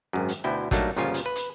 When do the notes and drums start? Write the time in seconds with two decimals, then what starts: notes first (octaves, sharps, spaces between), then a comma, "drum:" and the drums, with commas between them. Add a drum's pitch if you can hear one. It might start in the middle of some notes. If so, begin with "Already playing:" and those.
0.13 G#1 F#2
0.28 drum: hi-hat
0.44 D2 B2 E4 G5
0.71 F#3 G3 A3 A#3 D4 D#4, drum: kick, hi-hat
0.96 G1 A#2 C#3 F3 F4 G#5
1.14 drum: hi-hat
1.26 B4
1.35 drum: hi-hat